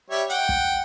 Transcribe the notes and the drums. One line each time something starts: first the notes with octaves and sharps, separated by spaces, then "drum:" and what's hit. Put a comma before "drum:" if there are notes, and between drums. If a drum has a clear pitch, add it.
G3 C#5 E5
F#5 G5, drum: hi-hat
drum: kick